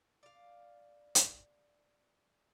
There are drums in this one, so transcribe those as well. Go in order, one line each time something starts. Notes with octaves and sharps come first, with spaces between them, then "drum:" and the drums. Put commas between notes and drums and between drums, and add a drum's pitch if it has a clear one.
D5 F5
drum: hi-hat